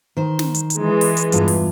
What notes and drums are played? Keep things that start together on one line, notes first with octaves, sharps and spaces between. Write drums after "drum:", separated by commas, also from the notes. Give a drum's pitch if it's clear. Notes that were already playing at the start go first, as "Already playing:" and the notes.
D#3 C5
drum: snare
drum: hi-hat
drum: hi-hat
E3 G#3
drum: open hi-hat
drum: hi-hat
E2 G2 F4, drum: hi-hat
drum: open hi-hat